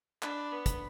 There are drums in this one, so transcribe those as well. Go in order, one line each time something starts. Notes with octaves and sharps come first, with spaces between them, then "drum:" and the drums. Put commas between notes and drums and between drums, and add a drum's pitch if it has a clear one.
D4 B4, drum: clap
B3
drum: kick, hi-hat